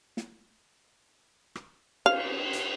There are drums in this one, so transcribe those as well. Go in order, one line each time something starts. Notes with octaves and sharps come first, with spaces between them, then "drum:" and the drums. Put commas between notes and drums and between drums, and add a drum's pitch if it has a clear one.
drum: snare
drum: rim click
F5, drum: cymbal
drum: hi-hat